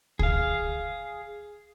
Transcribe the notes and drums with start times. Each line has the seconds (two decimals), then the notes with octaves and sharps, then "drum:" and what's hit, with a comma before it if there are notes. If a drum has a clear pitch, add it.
0.19 G#4 F5, drum: kick C#2